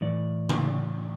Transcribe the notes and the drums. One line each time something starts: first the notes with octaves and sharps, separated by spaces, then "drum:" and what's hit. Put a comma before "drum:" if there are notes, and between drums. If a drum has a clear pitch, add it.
A2 E3 D5
drum: tom C#3